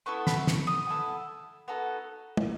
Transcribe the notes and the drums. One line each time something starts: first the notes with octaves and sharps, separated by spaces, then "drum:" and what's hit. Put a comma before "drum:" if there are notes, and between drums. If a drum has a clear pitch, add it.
B3 E4 A4 C#6
B5, drum: snare
C#6, drum: snare
D#6
B3 E4 A4
B3 D#4 F#4 A4
drum: tom